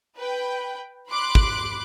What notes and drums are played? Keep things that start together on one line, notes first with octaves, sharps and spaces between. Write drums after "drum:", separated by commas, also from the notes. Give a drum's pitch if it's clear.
B4 G5
B5 C6 D6 F#6
drum: kick